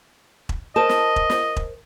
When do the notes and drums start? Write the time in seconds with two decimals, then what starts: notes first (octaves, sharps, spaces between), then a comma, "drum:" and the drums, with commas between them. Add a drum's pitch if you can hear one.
0.49 drum: kick E1
0.76 A#4 C5 D#5 A5
0.89 drum: snare
1.16 drum: kick E1
1.30 drum: snare
1.56 drum: kick E1